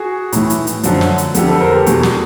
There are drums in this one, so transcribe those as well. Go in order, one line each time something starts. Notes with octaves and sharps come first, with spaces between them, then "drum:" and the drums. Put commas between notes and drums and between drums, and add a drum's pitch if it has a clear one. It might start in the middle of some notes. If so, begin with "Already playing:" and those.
Already playing: F#4 G#4
A2 E3, drum: hi-hat
drum: hi-hat
drum: hi-hat
F#2 D3 F3, drum: hi-hat
drum: snare
drum: hi-hat
F2 D3 F3 G4 A4, drum: hi-hat
A4 B4
A#4 C5
G4 A4
E2 B2 F#4 G#4, drum: hi-hat
drum: snare